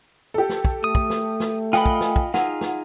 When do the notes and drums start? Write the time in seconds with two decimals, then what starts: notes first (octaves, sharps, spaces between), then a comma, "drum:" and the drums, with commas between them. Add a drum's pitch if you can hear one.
0.34 G4 A4
0.49 drum: snare
0.65 drum: kick
0.84 A3 D#6
0.95 drum: kick
1.10 drum: snare
1.40 drum: snare
1.73 F4 D#5 G5 G#5 B5, drum: snare
1.86 drum: kick
2.01 drum: snare
2.16 drum: kick
2.34 D#4 F4 G#4 F#5, drum: snare
2.61 drum: snare